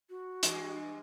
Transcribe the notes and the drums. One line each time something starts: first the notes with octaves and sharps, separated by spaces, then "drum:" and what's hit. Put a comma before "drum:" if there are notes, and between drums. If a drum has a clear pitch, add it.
F#4
G2 E3 G#3, drum: hi-hat